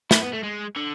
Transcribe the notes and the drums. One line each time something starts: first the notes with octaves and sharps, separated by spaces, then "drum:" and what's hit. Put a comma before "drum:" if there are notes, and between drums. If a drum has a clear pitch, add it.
E4, drum: snare
B3
A3
G#3
D3